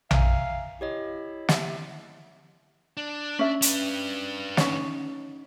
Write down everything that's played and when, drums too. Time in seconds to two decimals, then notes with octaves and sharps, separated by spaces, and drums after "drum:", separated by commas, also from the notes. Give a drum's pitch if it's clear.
0.11 E5 F5 G#5 A#5, drum: tom A#1
0.81 E4 G4 C#5 D#5
1.49 G4 E5, drum: snare
2.97 D4
3.39 C#4 E5
3.62 D4 B4, drum: hi-hat
4.57 C#4 D#4 C#5, drum: snare